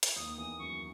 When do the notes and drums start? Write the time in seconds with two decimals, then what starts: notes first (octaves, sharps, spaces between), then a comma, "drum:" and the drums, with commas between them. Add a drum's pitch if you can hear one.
0.03 drum: hi-hat
0.16 D#2 D#3 D#6
0.38 E2 E3 D#6
0.58 F#2 F#3 C#6